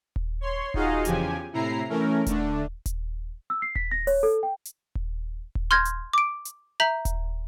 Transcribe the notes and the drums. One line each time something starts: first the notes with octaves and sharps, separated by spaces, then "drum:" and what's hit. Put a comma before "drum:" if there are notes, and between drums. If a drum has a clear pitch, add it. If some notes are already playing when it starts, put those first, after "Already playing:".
drum: kick D#1
C#5 C6
D#4 F4 F#4 G#4 D#5 F5, drum: kick D#1
E2 C#3 F3 G4 G#5, drum: hi-hat
A2 C3 E4 A#5 C7
E3 A3 C#4 A#4
D3 A3 D4, drum: kick D#1, hi-hat
drum: kick D#1, hi-hat
E6
C7
B6, drum: kick D#1
A#6
C#5, drum: open hi-hat
A4
G5
drum: hi-hat
drum: kick D#1
drum: kick D#1
C6 F6 G6 G#6 A#6
drum: hi-hat
D6 D7
drum: hi-hat
E5 A#5 G6 B6 F#7
drum: kick D#1, hi-hat